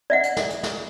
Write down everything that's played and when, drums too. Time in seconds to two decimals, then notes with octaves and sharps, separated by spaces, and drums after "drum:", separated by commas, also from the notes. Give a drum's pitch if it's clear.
0.10 D5 E5 F#5
0.23 drum: hi-hat
0.37 drum: snare
0.50 drum: hi-hat
0.63 drum: snare